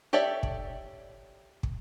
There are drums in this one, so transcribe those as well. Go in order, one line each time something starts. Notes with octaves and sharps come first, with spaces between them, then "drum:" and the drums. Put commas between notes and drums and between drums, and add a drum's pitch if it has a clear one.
G4 A4 C#5 D5 E5
drum: kick
drum: kick